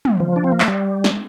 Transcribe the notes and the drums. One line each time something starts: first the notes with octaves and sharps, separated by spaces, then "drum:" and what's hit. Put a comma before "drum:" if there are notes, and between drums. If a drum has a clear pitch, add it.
drum: tom
F3
D4
C4
A#3
A3, drum: clap
G3
drum: snare